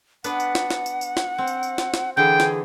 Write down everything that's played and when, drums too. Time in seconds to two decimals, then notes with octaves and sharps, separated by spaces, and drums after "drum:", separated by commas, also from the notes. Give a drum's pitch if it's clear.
0.24 B3 D4 B4 F#5, drum: tambourine
0.40 drum: tambourine
0.55 drum: snare
0.71 drum: snare
0.86 drum: tambourine
1.01 drum: tambourine
1.17 drum: snare
1.38 C4
1.47 drum: tambourine
1.63 drum: tambourine
1.78 drum: snare
1.94 drum: snare
2.17 D3 E3 G#4 G5
2.40 drum: snare